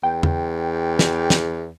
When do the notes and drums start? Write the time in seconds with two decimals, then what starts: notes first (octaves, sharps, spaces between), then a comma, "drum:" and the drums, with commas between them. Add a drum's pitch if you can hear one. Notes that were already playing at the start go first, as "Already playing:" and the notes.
0.03 E2 G5
0.23 drum: tom E2
0.99 drum: snare
1.30 drum: snare